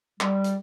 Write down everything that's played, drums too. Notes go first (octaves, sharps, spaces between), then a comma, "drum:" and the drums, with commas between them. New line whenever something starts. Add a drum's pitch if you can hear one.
G3, drum: clap
drum: hi-hat